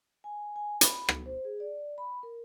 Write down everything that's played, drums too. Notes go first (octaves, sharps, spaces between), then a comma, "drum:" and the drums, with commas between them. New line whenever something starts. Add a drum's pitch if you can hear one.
G#5
G#5
B5, drum: hi-hat
drum: rim click
C5
G#4
D5
B5
A#4